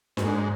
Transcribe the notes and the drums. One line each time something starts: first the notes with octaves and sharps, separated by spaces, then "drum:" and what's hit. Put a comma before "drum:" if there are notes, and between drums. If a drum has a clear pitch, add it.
G#2, drum: snare D4